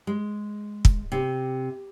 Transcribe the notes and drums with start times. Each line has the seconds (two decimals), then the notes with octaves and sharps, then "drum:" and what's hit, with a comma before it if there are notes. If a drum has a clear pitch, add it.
0.07 G#3
0.85 drum: kick
1.12 C3